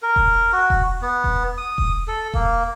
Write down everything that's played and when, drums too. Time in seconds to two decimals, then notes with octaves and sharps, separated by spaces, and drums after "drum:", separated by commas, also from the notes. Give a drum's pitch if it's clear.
0.03 A#4
0.16 drum: kick E1
0.52 F#4
0.70 drum: kick E1
1.02 B3
1.24 drum: kick E1
1.58 D#6
1.78 drum: kick E1
2.08 A4
2.34 A#3, drum: kick E1